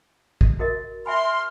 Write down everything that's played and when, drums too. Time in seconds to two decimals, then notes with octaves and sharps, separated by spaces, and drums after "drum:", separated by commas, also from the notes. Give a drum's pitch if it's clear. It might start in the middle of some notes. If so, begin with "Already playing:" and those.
0.41 drum: kick
0.59 F#4 A#4 D#5
1.06 E5 G#5 B5 C6 F6